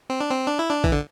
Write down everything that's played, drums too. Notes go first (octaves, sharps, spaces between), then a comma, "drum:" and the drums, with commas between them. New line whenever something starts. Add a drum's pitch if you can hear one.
C4
D4
C4
D4
E4
D4
E3, drum: kick A#1
D3